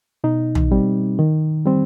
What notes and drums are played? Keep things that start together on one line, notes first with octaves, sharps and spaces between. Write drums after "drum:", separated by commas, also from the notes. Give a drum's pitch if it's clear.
B2 D#4
drum: tom
G3 C4
D#3
G3 C4